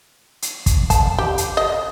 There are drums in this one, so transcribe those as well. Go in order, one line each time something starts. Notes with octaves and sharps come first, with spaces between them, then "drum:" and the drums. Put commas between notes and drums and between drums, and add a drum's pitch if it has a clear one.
drum: hi-hat
drum: kick, hi-hat
A5, drum: kick, hi-hat
G4
drum: hi-hat
D#5